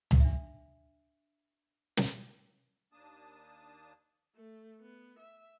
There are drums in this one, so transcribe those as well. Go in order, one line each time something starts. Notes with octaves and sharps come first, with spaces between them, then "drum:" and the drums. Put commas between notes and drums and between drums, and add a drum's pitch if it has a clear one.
drum: tom C#2
D4 E5
drum: snare
D#2 A#3 D4 A5 D#6
A3
B3
E5